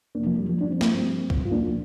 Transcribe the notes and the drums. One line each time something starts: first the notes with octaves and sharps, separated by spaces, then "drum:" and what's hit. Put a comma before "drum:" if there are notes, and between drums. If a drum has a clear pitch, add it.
F2 C3 F3 A#3 D4
F3 A#3
G3
F3 A#3
G2 F3 D4
C4
A#3, drum: snare
G3 C4
G2 F3
drum: kick
F4
A#2 F3 A#3 D4